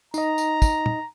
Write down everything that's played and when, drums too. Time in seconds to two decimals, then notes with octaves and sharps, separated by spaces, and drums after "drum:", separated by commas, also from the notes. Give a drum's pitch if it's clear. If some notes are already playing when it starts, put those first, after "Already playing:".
0.14 D#4 D#5 A#5, drum: tambourine
0.38 drum: tambourine
0.62 drum: kick, tambourine
0.86 drum: tom